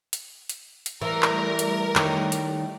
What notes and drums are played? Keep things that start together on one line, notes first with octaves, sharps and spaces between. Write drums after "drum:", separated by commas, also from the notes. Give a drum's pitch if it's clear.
drum: hi-hat
drum: hi-hat
drum: hi-hat
E3 G3 A3 A#4 D5
drum: clap
drum: hi-hat
D#3 C#5, drum: clap
drum: hi-hat